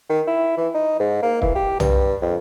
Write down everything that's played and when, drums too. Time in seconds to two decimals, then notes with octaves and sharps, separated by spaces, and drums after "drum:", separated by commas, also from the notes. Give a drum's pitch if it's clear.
0.09 D#3
0.27 E4
0.57 E3
0.74 D#4
1.00 G#2
1.22 A#3
1.42 E3, drum: kick
1.55 G4
1.80 G2, drum: tom
2.22 F2